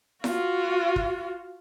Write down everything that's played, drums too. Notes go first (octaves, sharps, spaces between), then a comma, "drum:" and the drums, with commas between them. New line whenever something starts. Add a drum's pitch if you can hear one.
F4 F#4, drum: snare E4
drum: kick